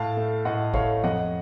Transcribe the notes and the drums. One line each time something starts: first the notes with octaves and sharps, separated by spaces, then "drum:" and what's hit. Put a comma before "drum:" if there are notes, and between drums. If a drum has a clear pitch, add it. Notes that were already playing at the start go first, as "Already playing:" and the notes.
Already playing: A2 F5 A5
A3
A2 D#5 F#5
A3 C#5 F5, drum: kick G#1
F2 D#5 F#5